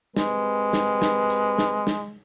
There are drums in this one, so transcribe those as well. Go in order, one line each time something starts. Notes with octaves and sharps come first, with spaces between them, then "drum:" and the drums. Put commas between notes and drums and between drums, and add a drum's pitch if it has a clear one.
G#3 C4 G4 B4, drum: snare
drum: snare
drum: snare
drum: hi-hat
drum: snare
drum: snare